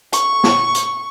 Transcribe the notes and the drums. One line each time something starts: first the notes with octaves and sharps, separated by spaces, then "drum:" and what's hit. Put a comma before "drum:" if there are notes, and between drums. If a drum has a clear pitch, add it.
C#6, drum: hi-hat
drum: snare
drum: hi-hat